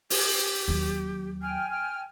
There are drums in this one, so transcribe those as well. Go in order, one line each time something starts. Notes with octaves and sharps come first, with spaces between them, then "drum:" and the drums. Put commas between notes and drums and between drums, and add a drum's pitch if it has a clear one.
G4, drum: open hi-hat
D#2 F#3
G5 G#5 F6
G5 F6